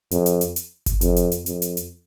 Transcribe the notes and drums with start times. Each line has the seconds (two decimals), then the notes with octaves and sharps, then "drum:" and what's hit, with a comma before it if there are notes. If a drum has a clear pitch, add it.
0.11 F2, drum: hi-hat
0.26 drum: hi-hat
0.41 drum: hi-hat
0.56 drum: hi-hat
0.86 drum: kick G1, hi-hat
1.01 F2, drum: hi-hat
1.16 drum: hi-hat
1.32 drum: hi-hat
1.46 F2, drum: hi-hat
1.62 drum: hi-hat
1.77 drum: hi-hat